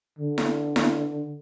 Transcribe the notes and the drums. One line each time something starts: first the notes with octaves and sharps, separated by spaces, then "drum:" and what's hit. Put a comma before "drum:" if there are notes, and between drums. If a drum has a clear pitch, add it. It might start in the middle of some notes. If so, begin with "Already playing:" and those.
D3
drum: snare E4
drum: snare E4